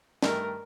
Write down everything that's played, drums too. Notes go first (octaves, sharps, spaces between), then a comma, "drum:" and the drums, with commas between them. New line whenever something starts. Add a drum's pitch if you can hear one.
G2 D#3 A3 D#4 A#4, drum: snare